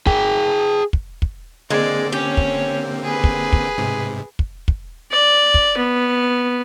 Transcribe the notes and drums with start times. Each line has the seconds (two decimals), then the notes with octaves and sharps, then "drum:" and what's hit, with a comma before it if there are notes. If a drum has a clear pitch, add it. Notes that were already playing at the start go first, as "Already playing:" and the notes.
0.07 G#4 G5, drum: kick
0.93 drum: kick
1.22 drum: kick
1.70 D3 G#3 A#3 C4 D5
2.13 C#4 G4 C#5
2.37 drum: kick
3.04 G#4 B4
3.24 drum: kick
3.53 drum: kick
3.78 G#2 C3
4.39 drum: kick
4.68 drum: kick
5.11 D5
5.54 drum: kick
5.77 B3